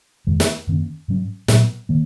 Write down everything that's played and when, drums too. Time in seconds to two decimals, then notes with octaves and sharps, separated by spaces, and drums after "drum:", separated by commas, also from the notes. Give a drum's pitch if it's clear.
0.27 F2 D#3 G#3
0.40 drum: snare
0.67 F#2 D#3 A#3 C#4
1.08 G#2 F#3 C#4
1.48 A#2 F#3 B3, drum: snare
1.89 D#3 A#3